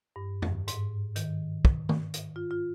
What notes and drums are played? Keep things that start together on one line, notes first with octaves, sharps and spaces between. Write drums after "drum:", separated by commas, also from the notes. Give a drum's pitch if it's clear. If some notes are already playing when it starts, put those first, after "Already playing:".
G2
drum: tom F2
G#2, drum: hi-hat
D#3, drum: hi-hat
drum: kick
drum: tom D#3
drum: hi-hat
F4
F4